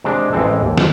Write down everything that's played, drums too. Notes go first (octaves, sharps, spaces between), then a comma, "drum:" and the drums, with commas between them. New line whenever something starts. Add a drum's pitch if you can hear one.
C3 G#3 C4 D4
A1 E3 G#3 C4 A4
D#2
drum: snare